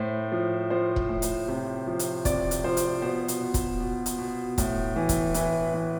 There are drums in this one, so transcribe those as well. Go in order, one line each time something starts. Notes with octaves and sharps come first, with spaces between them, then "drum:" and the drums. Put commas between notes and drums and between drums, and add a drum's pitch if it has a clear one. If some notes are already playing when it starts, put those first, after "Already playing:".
Already playing: A2 C5
F3
F3 C5
drum: kick
A2
drum: hi-hat
C3
F3
drum: hi-hat
C3 D5, drum: kick, hi-hat
drum: hi-hat
F3 C5
drum: hi-hat
B2 C5
drum: hi-hat
B2
drum: kick, hi-hat
B2
drum: hi-hat
B2
A2, drum: kick, hi-hat
E3
drum: kick, hi-hat
E3 B4, drum: hi-hat
E3